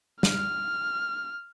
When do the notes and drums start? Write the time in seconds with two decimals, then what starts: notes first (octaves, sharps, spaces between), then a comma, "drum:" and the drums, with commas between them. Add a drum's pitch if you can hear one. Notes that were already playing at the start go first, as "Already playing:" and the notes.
0.23 F6, drum: snare